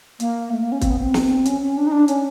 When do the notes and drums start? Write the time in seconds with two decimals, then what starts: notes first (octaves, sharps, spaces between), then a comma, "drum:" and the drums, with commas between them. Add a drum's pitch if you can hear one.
0.20 A#3, drum: hi-hat
0.52 A3
0.62 A#3
0.72 C#4
0.81 C4, drum: kick, hi-hat
0.91 B3
0.99 C4
1.14 drum: snare
1.45 C#4, drum: hi-hat
1.62 C#4
1.77 D4
1.87 D#4
1.92 D4
2.08 C#4, drum: hi-hat